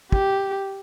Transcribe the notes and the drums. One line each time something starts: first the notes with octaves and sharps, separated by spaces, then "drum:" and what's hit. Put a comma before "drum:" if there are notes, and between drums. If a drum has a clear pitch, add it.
G4, drum: kick